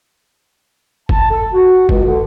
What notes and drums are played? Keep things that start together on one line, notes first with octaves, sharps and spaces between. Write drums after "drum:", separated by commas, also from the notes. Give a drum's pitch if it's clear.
A5, drum: kick
A4
F#4
C#2, drum: kick
D3